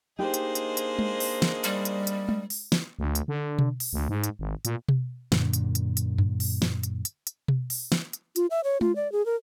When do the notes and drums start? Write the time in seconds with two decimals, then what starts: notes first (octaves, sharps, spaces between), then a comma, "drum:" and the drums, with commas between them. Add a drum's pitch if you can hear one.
0.19 A#3 D4 D#4 G4 G#4 C5 D#5
0.34 drum: hi-hat
0.55 drum: hi-hat
0.77 drum: hi-hat
0.99 drum: tom G#3
1.20 drum: open hi-hat
1.42 drum: snare
1.64 G3, drum: hi-hat
1.85 drum: hi-hat
2.07 drum: hi-hat
2.29 drum: tom G#3
2.50 drum: open hi-hat
2.72 drum: snare
2.99 D2
3.15 drum: hi-hat
3.28 D3
3.59 drum: tom B2
3.80 drum: open hi-hat
3.93 D2
4.09 G#2
4.24 drum: hi-hat
4.39 G#1
4.65 A#2, drum: hi-hat
4.89 drum: tom B2
5.32 F#2 A#2 D3, drum: snare
5.53 drum: hi-hat
5.75 drum: hi-hat
5.97 drum: hi-hat
6.18 drum: tom F#2
6.40 drum: open hi-hat
6.62 drum: snare
6.83 drum: hi-hat
7.05 drum: hi-hat
7.27 drum: hi-hat
7.48 drum: tom B2
7.70 drum: open hi-hat
7.92 drum: snare
8.13 drum: hi-hat
8.36 F4, drum: hi-hat
8.50 E5
8.64 C#5
8.81 F4, drum: tom G#3
8.96 D5
9.12 G#4
9.26 A#4